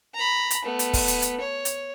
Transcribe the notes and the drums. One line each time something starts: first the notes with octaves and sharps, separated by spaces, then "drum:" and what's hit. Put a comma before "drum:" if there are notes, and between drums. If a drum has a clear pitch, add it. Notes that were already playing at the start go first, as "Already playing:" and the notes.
A#5 B5
drum: hi-hat
A3 B3
drum: hi-hat
drum: kick, open hi-hat
drum: hi-hat
drum: hi-hat
C#5
drum: hi-hat